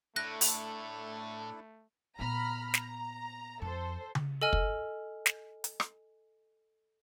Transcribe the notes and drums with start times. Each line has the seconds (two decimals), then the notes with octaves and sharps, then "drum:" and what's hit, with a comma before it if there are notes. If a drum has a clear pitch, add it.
0.16 A2 A3 D4 E4 A4 F#6 A#6
0.41 drum: open hi-hat
2.19 A#2 B3 A#5 B5 F6
2.74 A#5, drum: snare
3.62 F2 A4 C5
4.15 drum: tom C#3
4.42 A4 D#5 G#5 F6
4.53 drum: kick
5.26 drum: snare
5.64 drum: hi-hat
5.80 drum: rim click